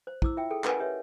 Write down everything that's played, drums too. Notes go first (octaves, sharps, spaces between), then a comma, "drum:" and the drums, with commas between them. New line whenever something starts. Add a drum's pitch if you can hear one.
C5
E4 C5 D6 E6, drum: kick
F4 E5 G5
G#4 A4 G5
C#4 A#4 B4 F#5 G#5, drum: clap
G4 B4 C#5 D#5 E5